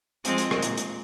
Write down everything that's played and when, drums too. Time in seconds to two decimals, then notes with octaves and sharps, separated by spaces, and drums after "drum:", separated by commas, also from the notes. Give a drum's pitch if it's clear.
0.25 F3 G#3 C4, drum: hi-hat
0.38 drum: hi-hat
0.51 drum: rim click
0.62 A#2, drum: hi-hat
0.78 drum: hi-hat